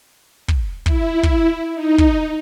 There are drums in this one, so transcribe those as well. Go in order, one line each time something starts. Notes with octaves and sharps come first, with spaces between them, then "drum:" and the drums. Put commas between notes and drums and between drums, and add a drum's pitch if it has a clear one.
drum: kick
E4, drum: kick
drum: kick
D#4
drum: kick